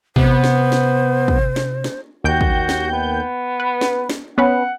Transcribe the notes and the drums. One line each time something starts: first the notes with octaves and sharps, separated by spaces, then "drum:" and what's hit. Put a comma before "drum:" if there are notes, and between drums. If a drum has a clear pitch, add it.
C3 B3 C5, drum: kick
drum: snare
drum: snare
drum: kick
drum: snare
drum: snare
D#2 F#4 G5 G6
drum: kick
drum: snare
B3
B4
drum: snare
drum: snare
B3 C#4 B4 F#5